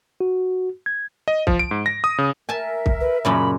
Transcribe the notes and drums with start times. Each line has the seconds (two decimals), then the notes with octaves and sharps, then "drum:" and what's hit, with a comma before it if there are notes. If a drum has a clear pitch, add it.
0.21 F#4
0.86 G#6
1.28 D#5
1.47 F3, drum: kick C2
1.59 D7
1.71 G#2
1.86 A#6
2.04 D#6
2.18 C#3
2.49 A#4 E5 G#5 A5
2.86 drum: kick C2
3.01 B4
3.25 F#2 A#2 C#3 B5